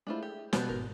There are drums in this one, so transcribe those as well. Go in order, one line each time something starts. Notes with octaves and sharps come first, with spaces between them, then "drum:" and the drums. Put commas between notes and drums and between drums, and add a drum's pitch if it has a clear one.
G#3 A3 D4 E4 F4 C5
G4
B2 G3 C#4 C5 A5 F#6 G6, drum: snare
G1 G#2 A#4